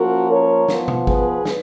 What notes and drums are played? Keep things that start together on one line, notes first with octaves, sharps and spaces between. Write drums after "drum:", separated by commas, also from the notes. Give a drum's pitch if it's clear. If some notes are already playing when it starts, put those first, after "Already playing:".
Already playing: F3 A#3 C#4 F#4 A#4
A#4 C#5
F3 B3, drum: snare
drum: tom B2
G#4 B4, drum: kick
drum: snare